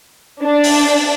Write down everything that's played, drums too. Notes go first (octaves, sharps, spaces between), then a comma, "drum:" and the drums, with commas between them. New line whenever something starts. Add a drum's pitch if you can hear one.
D4
drum: open hi-hat